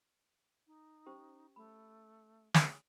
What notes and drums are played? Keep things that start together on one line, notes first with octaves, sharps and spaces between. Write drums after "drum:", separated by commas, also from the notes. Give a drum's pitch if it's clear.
D#4
C#4 G4 C5
A3 B5
drum: snare